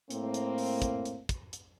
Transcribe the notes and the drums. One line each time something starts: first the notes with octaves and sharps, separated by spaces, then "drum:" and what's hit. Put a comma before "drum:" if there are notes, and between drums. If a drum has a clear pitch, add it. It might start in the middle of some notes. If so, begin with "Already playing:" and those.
A2 A#3 C4, drum: hi-hat
drum: hi-hat
drum: open hi-hat
drum: kick, hi-hat
drum: hi-hat
drum: kick, hi-hat
drum: hi-hat